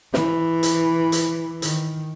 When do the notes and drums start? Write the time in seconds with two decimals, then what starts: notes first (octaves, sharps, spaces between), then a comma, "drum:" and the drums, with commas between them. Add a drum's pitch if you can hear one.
0.14 E3, drum: snare
0.63 drum: hi-hat
1.12 drum: hi-hat
1.62 D#3, drum: hi-hat